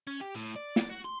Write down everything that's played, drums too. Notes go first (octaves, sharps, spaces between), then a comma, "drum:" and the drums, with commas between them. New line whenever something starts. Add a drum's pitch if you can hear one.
C#4
G4
A2
D5
D5, drum: snare
F#4
C6